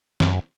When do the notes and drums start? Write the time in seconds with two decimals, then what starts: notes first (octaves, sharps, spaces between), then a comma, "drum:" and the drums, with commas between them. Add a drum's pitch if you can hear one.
0.20 F#2, drum: snare